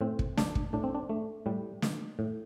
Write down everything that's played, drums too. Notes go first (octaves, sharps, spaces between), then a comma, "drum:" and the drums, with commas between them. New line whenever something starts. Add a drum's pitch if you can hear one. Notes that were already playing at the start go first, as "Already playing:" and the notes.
A2 C4
drum: kick
D4, drum: snare
drum: kick
A2 D4
C4
D4
A3
A2 G3
drum: snare
A2